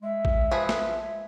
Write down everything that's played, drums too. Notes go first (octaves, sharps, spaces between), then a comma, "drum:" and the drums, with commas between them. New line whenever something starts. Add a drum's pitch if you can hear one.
G#3 E5
drum: kick A1
F3 G#4 B4
drum: snare